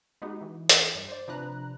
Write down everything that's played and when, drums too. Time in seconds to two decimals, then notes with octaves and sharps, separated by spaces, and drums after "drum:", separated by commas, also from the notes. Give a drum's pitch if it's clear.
0.22 G#3 B3 D#4 F#4 G4
0.41 E3
0.69 drum: hi-hat
0.95 G2
1.08 C5 D5
1.28 C3 F3 D4 B4 A#5 F#6